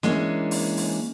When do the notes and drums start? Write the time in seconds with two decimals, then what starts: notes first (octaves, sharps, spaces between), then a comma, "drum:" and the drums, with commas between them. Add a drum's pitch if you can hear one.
0.03 E3 G#3 A#3 C#4 D4, drum: snare
0.51 drum: open hi-hat
0.77 drum: open hi-hat